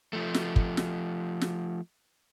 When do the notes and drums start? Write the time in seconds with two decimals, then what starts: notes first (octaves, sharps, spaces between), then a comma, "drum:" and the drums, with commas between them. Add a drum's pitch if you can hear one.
0.13 F3 A3
0.34 drum: snare
0.56 drum: kick
0.77 drum: snare
1.41 drum: snare